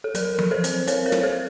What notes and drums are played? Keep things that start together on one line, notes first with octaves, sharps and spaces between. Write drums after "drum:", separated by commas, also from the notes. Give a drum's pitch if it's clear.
A4
F#3 A#4, drum: hi-hat
F#3, drum: tom F3
A4 C5
C4, drum: hi-hat
C4 A#4 C#5, drum: hi-hat
A#4 C#5
F#3, drum: snare
A4 C5